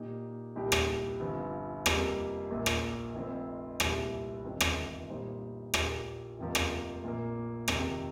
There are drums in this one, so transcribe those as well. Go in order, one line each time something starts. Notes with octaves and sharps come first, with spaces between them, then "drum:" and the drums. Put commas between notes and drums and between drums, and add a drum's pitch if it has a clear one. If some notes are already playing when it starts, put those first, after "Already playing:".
Already playing: A#2 A#3 D#4 G4 A#4
C2 A#2 G3 D#4 G4
drum: rim click
G1 G2 F3 C4
F2 C3 G3 A#3, drum: rim click
A#1 A#2 A#3
drum: rim click
F1 F2 F3 C4
C2 A#2 G3 C4 G4, drum: rim click
G1 F2 D#3 C4
drum: rim click
A#2 G3 D#4 C5
A#1 A#2 A#3 G4 A#4, drum: rim click
F1 F2 C3 F3 A#3
drum: rim click
A#1 A#2 A#3
F2 C3 D#3, drum: rim click